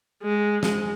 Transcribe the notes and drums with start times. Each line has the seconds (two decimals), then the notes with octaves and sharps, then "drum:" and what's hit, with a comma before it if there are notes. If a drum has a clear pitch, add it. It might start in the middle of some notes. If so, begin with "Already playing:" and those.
0.22 G#3
0.63 G#3, drum: snare